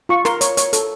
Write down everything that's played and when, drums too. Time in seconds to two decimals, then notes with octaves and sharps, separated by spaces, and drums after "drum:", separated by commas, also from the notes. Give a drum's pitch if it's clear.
0.09 F4 C#6
0.25 A#4 C6, drum: snare
0.41 C#5, drum: hi-hat
0.57 C#5, drum: hi-hat
0.73 A4, drum: hi-hat